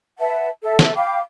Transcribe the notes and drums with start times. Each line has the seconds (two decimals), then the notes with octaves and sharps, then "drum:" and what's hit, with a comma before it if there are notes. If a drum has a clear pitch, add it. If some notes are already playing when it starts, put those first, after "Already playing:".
0.19 B4 E5 F#5 A5
0.63 A4 E5
0.79 drum: snare
0.95 F5 G5 B5 D6